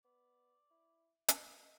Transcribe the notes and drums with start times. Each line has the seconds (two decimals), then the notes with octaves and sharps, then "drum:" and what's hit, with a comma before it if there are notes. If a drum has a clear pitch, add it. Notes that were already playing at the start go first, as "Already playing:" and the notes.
0.05 B3 D5
0.70 E4
1.28 D#3 F#4, drum: hi-hat
1.63 A3 D#5